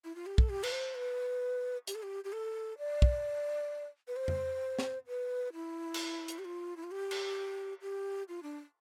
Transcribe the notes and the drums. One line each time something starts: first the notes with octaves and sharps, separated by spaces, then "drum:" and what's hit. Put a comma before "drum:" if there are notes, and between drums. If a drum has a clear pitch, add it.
E4
F4
G4
A4, drum: kick
G4
B4, drum: cymbal
C5
B4
G4, drum: hi-hat
A4
G4
G4
A4
D5
drum: kick
B4
C5
drum: tom F2
drum: snare
B4
E4
drum: cymbal
drum: hi-hat
G4
F4
E4
F4
G4
drum: cymbal
G4
F4
D4